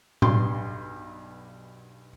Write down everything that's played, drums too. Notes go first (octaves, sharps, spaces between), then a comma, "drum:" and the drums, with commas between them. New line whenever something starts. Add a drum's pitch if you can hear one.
B1 G2 C6, drum: tom A2